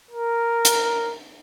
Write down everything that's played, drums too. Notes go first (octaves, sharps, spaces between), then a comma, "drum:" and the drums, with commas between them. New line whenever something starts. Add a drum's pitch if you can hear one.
A#4
drum: hi-hat